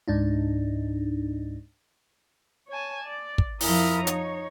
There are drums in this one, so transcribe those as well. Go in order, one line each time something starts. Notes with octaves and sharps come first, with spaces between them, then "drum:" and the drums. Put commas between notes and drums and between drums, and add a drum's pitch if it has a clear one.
C#2 G#2 D4 D#4
C#5 G#5 A5
D5
drum: kick
F2 F3 E4 A#4 A#5 D#6, drum: open hi-hat
D#4 C#5, drum: hi-hat